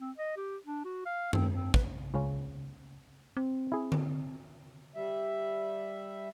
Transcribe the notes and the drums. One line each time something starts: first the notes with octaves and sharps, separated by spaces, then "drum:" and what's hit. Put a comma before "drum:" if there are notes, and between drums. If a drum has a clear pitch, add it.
C4
D#5
G4
D4
F#4
F5
C4, drum: tom F#2
C4
B4, drum: kick
C#2 C#3 C#4
C4
E4 G#4
drum: tom D3
G3 E5